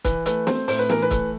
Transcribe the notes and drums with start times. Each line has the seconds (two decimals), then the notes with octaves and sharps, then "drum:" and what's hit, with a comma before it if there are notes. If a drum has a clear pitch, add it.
0.05 E3 B4, drum: kick, hi-hat
0.26 A3 B4, drum: hi-hat
0.47 C4 C5, drum: snare
0.68 A2 C5, drum: open hi-hat
0.79 B4
0.90 E3 A#4, drum: snare
1.02 B4
1.11 A3, drum: kick, hi-hat